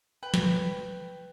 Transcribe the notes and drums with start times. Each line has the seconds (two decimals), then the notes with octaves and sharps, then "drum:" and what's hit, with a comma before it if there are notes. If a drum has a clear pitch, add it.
0.23 B4 G5
0.34 drum: snare